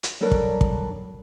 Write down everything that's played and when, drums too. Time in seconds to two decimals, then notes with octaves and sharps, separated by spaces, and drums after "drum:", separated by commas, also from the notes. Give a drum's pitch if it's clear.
0.03 drum: hi-hat
0.21 F#3 G3 D4 A4 A#4 C#5
0.31 drum: kick
0.61 drum: kick